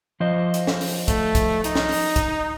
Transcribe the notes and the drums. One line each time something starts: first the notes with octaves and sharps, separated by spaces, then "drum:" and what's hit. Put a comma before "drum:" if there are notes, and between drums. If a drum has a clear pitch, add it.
F3 C5 D#5
drum: hi-hat
drum: snare
drum: open hi-hat
A3, drum: kick, hi-hat
drum: kick, hi-hat
D#4, drum: hi-hat
drum: snare
drum: open hi-hat
drum: kick, hi-hat